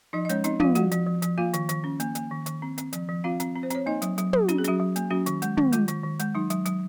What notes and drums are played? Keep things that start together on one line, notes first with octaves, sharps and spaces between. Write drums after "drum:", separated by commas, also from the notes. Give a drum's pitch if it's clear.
F3 D#4 D#5
D#5
G#3 C#4 C#5, drum: hi-hat
C4 D#4 D#5, drum: hi-hat
F3 F4 F5, drum: tom
F3 F#4 F#5, drum: hi-hat
F3, drum: hi-hat
F3
F3, drum: hi-hat
A#3 F4 F5
D#3, drum: hi-hat
D#3, drum: hi-hat
C#4
A#3, drum: hi-hat
A#3, drum: hi-hat
D#3
D#3, drum: hi-hat
C4
C4, drum: hi-hat
F3, drum: hi-hat
F3
C4 F4 F5
C4, drum: hi-hat
C4
C5
C4 C#5, drum: hi-hat
A#3 D#4 D#5
F#3, drum: hi-hat
F#3, drum: hi-hat
F#3, drum: tom
C#4 F#4, drum: hi-hat
G#4
F#3 C#4 F#4, drum: hi-hat
F#3
A#3, drum: hi-hat
F#3 C#4 F#4
D#3, drum: hi-hat
G#3, drum: hi-hat
D#3, drum: tom
G#3 F4, drum: hi-hat
D#3, drum: hi-hat
D#3
G#3, drum: hi-hat
F#3 D#4
F#3, drum: hi-hat
F#3, drum: hi-hat